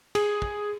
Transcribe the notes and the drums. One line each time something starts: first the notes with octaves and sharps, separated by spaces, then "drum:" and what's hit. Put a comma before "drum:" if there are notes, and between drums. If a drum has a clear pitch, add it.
G#4, drum: cymbal
drum: kick